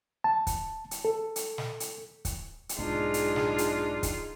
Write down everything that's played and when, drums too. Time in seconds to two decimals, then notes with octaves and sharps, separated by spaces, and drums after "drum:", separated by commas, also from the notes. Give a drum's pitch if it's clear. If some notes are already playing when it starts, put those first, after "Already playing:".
0.24 A5
0.47 drum: kick, hi-hat
0.91 drum: hi-hat
1.05 A4
1.36 drum: hi-hat
1.58 drum: snare
1.80 drum: hi-hat
2.25 drum: kick, hi-hat
2.69 drum: hi-hat
2.78 B1 G#2 D4 D#4 F4 G#4
3.14 drum: hi-hat
3.36 drum: snare
3.58 drum: hi-hat
4.03 drum: kick, hi-hat